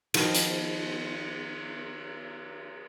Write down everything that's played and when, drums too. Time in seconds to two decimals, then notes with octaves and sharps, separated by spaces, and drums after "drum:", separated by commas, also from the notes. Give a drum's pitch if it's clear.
0.14 D#3 F3 B3 F#4, drum: cymbal
0.35 drum: hi-hat